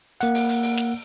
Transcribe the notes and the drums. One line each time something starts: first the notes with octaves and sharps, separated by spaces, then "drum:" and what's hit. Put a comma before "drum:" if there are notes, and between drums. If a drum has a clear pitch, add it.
A#3 F#5, drum: hi-hat
drum: open hi-hat
drum: hi-hat
drum: open hi-hat
drum: snare